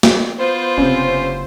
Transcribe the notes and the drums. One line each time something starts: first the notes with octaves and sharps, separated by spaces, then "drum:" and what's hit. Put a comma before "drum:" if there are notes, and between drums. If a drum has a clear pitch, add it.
drum: snare
B3 F4 C5
F#1 C3 C#4